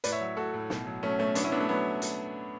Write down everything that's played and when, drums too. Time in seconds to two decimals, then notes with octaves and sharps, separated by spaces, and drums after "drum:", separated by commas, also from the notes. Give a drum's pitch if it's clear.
0.04 A2 B4 D5, drum: hi-hat
0.12 C#5 E5
0.20 F#3
0.37 A2 F#4 A4
0.54 A2
0.70 B2, drum: snare
0.86 F#3
1.03 F#3 A3 C#4
1.19 B2 A3 C#4
1.35 F#3 B3 D4, drum: hi-hat
1.44 C#4 E4
1.52 F#3 B3 D4
1.60 A3
1.69 F#3 B3
2.02 drum: hi-hat